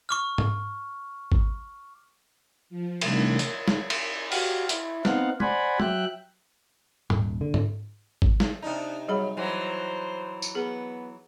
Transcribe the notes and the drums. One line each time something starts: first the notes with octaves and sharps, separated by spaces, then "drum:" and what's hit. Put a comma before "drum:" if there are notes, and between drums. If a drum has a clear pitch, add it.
C#6 D6 F6
drum: tom
drum: kick G#1
F3
C3 D#3 E3 G3 A3 D4, drum: cymbal
drum: hi-hat
drum: snare
drum: cymbal
F#4 G4 F5, drum: open hi-hat
E4, drum: hi-hat
B3 C4 D#4 F5 F#5, drum: snare
C5 D5 F#5 G#5 B5, drum: tom
F#3 E5 G5 F#6, drum: tom
D#1, drum: tom
D3
drum: tom
drum: kick G#1
drum: snare
C3 D4 D#4
F#3 G3 G#4 B5
E3 F#3 C5
drum: tambourine
B3 G#4